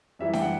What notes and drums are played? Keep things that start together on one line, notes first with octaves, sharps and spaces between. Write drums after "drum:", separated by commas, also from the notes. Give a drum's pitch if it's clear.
F#2 E3 G3 E5
G5, drum: snare D4
F#5